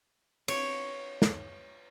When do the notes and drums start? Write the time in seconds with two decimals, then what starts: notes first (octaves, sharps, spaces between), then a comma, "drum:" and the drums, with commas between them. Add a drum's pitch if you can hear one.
0.48 C#5, drum: cymbal
1.22 drum: snare